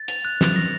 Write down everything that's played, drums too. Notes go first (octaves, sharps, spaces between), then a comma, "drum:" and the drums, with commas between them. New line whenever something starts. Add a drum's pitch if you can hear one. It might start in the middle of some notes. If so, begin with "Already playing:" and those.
Already playing: A6
F7, drum: hi-hat
F#6
F7, drum: snare
A#6